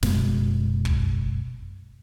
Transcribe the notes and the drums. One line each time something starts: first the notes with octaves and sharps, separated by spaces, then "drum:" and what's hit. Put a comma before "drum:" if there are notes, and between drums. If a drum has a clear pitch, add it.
F#1 F#2 B2 G#3, drum: snare
drum: kick